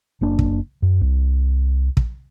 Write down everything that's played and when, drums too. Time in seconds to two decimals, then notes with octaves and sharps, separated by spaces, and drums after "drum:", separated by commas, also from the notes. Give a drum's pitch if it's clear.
0.21 F#1 A#3 D4
0.39 drum: kick
0.82 F#2
1.01 C2
1.97 drum: kick